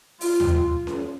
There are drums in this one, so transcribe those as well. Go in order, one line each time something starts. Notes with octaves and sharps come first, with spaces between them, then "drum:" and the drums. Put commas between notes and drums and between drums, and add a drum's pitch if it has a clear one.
F4, drum: open hi-hat
drum: tom D#2
drum: snare C#4